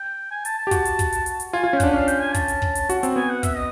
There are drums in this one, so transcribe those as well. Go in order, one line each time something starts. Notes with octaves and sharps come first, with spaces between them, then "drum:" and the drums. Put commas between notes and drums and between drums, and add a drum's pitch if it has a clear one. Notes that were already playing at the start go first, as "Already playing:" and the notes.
Already playing: G5
G#5
A5, drum: hi-hat
A5
G4
F#4, drum: kick, hi-hat
drum: hi-hat
drum: kick, hi-hat
drum: hi-hat
drum: hi-hat
drum: hi-hat
F4 G#5
F4 G#5
C#4
D4 F#5, drum: kick, hi-hat
C#4 F5
G5, drum: hi-hat
G#5
A5, drum: kick, hi-hat
drum: hi-hat
drum: kick
drum: hi-hat
F#4, drum: hi-hat
C4, drum: hi-hat
B3 G#5
F#5
E5, drum: kick, hi-hat
D#5